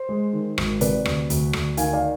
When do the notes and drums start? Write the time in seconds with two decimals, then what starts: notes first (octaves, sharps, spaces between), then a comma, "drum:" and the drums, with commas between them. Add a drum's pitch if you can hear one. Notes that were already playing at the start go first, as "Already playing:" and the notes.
Already playing: C5
0.09 G#3
0.33 D#3
0.58 G#1, drum: rim click
0.81 C3 B4 D5, drum: hi-hat
1.05 D2, drum: rim click
1.30 D2, drum: hi-hat
1.53 D2, drum: rim click
1.77 D#3 F5 G#5, drum: hi-hat
1.93 D5 F5